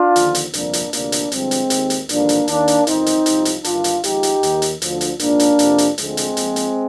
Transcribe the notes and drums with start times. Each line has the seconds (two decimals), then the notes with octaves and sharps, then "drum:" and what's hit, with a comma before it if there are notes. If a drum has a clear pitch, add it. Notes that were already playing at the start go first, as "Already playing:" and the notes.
Already playing: D4 F4
0.16 D#2 D3 F3, drum: hi-hat
0.35 drum: hi-hat
0.54 G1 F2 C3 F3 A#3 D4, drum: hi-hat
0.73 drum: hi-hat
0.93 D2 C3 F3 A#3 D4, drum: hi-hat
1.12 drum: hi-hat
1.32 G1 G2 D3 F3 G#3 C4, drum: hi-hat
1.51 drum: hi-hat
1.70 D#2 D#3, drum: hi-hat
1.90 drum: hi-hat
2.09 G#1 G2 D3 F3 A#3 D4, drum: hi-hat
2.29 drum: hi-hat
2.48 D#2 D#3 A#3 D4, drum: hi-hat
2.68 drum: hi-hat
2.87 G1 F2 D#3 C4 D#4, drum: hi-hat
3.06 drum: hi-hat
3.26 C2 C3 F3, drum: hi-hat
3.45 drum: hi-hat
3.64 G1 G2 D#3 D4 F4, drum: hi-hat
3.84 drum: hi-hat
4.04 G#1 G#2 F3 D#4 G4, drum: hi-hat
4.23 drum: hi-hat
4.43 D#2 D#3, drum: hi-hat
4.62 drum: hi-hat
4.82 D2 D3 F3, drum: hi-hat
5.01 drum: hi-hat
5.19 A#1 G#2 F3 A#3 D4, drum: hi-hat
5.40 drum: hi-hat
5.59 F2 C3 F3, drum: hi-hat
5.78 drum: hi-hat
5.98 D2 D3 F3 G#3 C4, drum: hi-hat
6.17 drum: hi-hat
6.37 A#1 A#2 F3, drum: hi-hat
6.56 drum: hi-hat